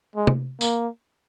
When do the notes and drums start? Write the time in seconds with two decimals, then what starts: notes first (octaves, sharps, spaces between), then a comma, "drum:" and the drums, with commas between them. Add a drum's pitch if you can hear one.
0.16 G#3
0.27 drum: tom C3
0.61 A#3, drum: tambourine